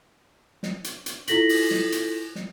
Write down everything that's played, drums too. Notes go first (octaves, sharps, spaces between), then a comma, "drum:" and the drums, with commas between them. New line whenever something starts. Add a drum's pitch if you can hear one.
drum: snare
drum: hi-hat
drum: hi-hat
E4 F4 A4 A#6 B6 F#7, drum: hi-hat
drum: open hi-hat
drum: snare
drum: hi-hat
drum: snare